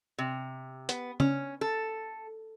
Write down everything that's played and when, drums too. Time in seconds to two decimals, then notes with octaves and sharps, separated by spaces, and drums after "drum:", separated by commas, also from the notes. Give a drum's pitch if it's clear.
0.18 C3
0.89 B3, drum: hi-hat
1.20 C#4, drum: tom C#3
1.61 A4